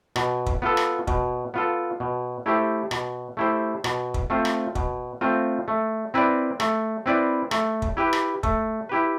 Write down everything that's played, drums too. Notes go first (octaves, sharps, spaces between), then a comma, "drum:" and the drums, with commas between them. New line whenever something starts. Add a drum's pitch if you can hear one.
B2, drum: rim click
drum: kick
B3 F4 A4
drum: rim click
B2, drum: kick
B3 F4 A4
B2
A3 E4 G4 C5
B2, drum: rim click
A3 E4 G4 C5
B2, drum: rim click
drum: kick
A3 C4 F4 C5
drum: rim click
B2, drum: kick
A3 C4 F4 C5
A3
C4 E4 B4 D5
A3, drum: rim click
C4 E4 B4 D5
A3, drum: rim click
drum: kick
E4 G4 B4
drum: rim click
A3, drum: kick
E4 G4 B4